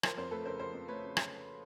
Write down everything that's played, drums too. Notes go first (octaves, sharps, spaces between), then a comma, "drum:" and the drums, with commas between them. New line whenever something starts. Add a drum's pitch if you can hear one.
F3 A#4 C5, drum: rim click
F2 A#4 C5
A3 A4 B4
C#3 A#4 C5
F3 A#4 C5
F2
A3 B4 C#5
C#3
drum: rim click